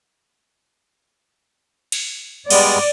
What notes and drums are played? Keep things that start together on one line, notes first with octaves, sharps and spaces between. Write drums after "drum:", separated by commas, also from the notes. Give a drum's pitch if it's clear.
drum: cymbal
G3 G#3 B3 D5, drum: cymbal